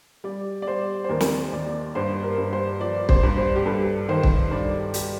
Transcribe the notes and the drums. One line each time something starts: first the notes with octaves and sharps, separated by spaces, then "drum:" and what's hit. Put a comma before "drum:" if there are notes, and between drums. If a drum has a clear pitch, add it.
G3 D5
D5
G3 C5
C5
D#2 A#4
drum: snare
D#2 D5
G2 C5
A#4
G2
C5
F3 D5
C5, drum: kick
G2
C5
G4
G2 A4
D#3 C5
drum: kick
G2 D5
G3 G4, drum: hi-hat